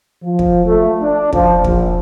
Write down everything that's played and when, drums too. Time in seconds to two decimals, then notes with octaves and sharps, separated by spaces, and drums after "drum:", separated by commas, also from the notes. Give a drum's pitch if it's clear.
0.22 F3
0.39 drum: kick
0.66 A3
1.02 D4
1.33 F3, drum: kick
1.64 A#1, drum: kick